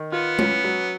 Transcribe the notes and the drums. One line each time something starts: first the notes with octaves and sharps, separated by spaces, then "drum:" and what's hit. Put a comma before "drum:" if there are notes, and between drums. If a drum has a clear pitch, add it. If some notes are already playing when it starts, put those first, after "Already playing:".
Already playing: D#3
B3 F4
C#4, drum: tom G#3
F#3